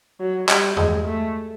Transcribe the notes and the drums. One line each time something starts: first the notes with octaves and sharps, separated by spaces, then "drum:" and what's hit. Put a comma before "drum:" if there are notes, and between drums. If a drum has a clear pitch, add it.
F#3
G3, drum: clap
G#3, drum: tom E2
A3